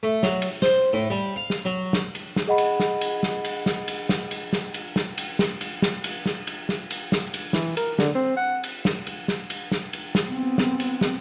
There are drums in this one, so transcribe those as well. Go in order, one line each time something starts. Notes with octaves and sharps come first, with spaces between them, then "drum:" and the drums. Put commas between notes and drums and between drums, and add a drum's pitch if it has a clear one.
A3
F#3, drum: snare
drum: cymbal
C5, drum: snare
A2
G3
F5
drum: snare
F#3
drum: snare
drum: cymbal
drum: snare
G#4 D#5 F#5 B5
drum: cymbal
drum: snare
drum: cymbal
drum: snare
drum: cymbal
drum: snare
drum: cymbal
drum: snare
drum: cymbal
drum: snare
drum: cymbal
drum: snare
drum: cymbal
drum: snare
drum: cymbal
drum: snare
drum: cymbal
drum: snare
drum: cymbal
drum: snare
drum: cymbal
drum: snare
drum: cymbal
E3, drum: snare
A#4, drum: cymbal
D3, drum: snare
C4
F#5
drum: cymbal
drum: snare
drum: cymbal
drum: snare
drum: cymbal
drum: snare
drum: cymbal
drum: snare
B3 C4
drum: snare
drum: cymbal
drum: snare